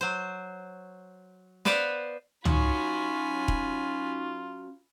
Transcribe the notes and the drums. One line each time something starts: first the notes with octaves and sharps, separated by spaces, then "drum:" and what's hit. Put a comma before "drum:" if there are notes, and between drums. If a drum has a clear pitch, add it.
F#3 C5
B3 B4 C5 D5 F5 F#5, drum: snare
C#4 D#4 F4 F#4 G#5 B5 C#6, drum: tom C#2
drum: kick